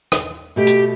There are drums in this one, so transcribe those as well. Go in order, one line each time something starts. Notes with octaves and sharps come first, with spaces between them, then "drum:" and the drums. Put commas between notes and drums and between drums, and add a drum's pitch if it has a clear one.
drum: rim click
B2 A3 G4
drum: hi-hat